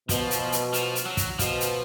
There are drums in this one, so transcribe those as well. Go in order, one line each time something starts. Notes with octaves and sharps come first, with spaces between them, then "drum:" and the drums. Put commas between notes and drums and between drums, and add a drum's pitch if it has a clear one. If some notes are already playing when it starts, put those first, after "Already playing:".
B2 F3, drum: kick, hi-hat
drum: hi-hat
drum: hi-hat
F3, drum: hi-hat
drum: hi-hat
F#3
drum: kick, hi-hat
B2 F3, drum: kick, hi-hat
drum: hi-hat